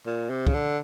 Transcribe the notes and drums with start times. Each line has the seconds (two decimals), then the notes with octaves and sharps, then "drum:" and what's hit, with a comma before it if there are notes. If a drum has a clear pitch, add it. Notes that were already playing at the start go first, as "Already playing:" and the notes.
0.06 A#2
0.30 C3
0.47 C#3, drum: kick
0.54 D3